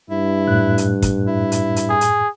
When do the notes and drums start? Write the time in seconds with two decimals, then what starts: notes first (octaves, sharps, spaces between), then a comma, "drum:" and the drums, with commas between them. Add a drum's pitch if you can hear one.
0.10 G2 E4
0.48 F#2 A2 F#6
0.78 drum: hi-hat
1.02 drum: kick, hi-hat
1.27 E4
1.52 drum: hi-hat
1.76 drum: hi-hat
1.90 G#4
2.01 drum: hi-hat